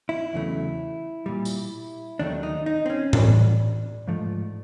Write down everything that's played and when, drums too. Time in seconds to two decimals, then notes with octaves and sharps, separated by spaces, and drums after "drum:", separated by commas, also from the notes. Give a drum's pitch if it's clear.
0.09 E4
0.33 E2 C#3 F#3 A3
1.26 A#2 G3
1.45 drum: tambourine
2.19 D#2 D#3 F#3 A3 D4
2.43 D#4
2.66 D#4
2.86 C4
2.90 C#4
3.13 A2 E3 G3 D4, drum: tom A2
4.08 G#2 F3 A3